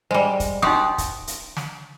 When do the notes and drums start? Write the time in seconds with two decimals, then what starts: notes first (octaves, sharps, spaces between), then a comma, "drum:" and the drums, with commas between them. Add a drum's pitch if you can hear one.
0.11 G3 G#3 C5
0.40 drum: kick, hi-hat
0.62 D#4 F#4 G4 C6 D#6
0.98 drum: kick, hi-hat
1.27 drum: hi-hat
1.57 drum: snare